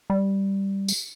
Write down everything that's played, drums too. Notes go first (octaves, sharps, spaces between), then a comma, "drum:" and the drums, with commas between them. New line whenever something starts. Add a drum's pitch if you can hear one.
G3
drum: tambourine